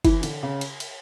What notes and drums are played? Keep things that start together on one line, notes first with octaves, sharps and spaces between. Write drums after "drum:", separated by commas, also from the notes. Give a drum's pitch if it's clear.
E3 E4, drum: kick F#1, cymbal
D3, drum: cymbal
C#3
drum: cymbal
drum: cymbal